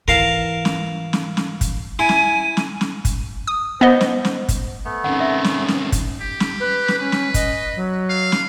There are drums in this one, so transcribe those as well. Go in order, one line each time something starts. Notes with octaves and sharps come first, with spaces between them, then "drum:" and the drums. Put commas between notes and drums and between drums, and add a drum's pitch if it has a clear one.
G#2 E3 A#4 F5 A5
drum: snare
drum: snare
drum: snare
drum: kick, hi-hat
E4 G#5
drum: snare
drum: snare
drum: snare
drum: kick, hi-hat
D#6
B3 C5 D#5
drum: snare
drum: snare
drum: kick, hi-hat
A3 B3
C3 D#3 C#4 F#5
E5
drum: snare
drum: snare
drum: kick, hi-hat
G4
drum: snare
B4
drum: snare
C#4 B4
drum: snare
D#5, drum: kick, hi-hat
F#3
F5
drum: snare